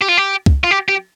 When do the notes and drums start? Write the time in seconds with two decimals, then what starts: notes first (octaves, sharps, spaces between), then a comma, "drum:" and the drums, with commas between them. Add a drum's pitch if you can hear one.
0.01 G4
0.08 F4
0.17 G4
0.46 drum: kick C#2
0.64 F4
0.71 G4
0.89 G4